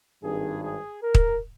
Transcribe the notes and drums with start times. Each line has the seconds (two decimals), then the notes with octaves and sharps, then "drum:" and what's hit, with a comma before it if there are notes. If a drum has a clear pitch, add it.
0.23 G#1 G2 D#3 G#4
0.63 G#4
1.02 A#4
1.15 drum: kick